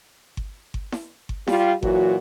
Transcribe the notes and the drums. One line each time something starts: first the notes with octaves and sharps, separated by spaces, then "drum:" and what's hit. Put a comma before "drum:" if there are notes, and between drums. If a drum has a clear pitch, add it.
drum: kick G1
drum: kick G1
drum: snare E4
drum: kick G1
G3 F4, drum: snare E4
A#2 E3 F#3 F#4, drum: kick G1